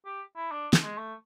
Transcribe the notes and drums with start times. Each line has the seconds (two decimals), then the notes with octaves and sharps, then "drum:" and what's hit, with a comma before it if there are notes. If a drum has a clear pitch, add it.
0.05 G4
0.36 E4
0.52 D4
0.73 drum: snare
0.83 G#3
0.98 A3